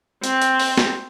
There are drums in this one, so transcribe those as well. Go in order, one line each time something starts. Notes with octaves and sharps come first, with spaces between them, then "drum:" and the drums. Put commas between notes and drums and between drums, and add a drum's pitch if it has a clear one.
C4, drum: hi-hat
drum: hi-hat
drum: open hi-hat
drum: snare